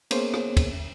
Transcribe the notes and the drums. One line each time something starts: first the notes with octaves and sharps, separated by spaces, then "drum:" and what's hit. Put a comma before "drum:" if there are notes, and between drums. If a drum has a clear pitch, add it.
A#3 B3 C#4 G#4 C5 C#5, drum: cymbal
drum: rim click
drum: kick, cymbal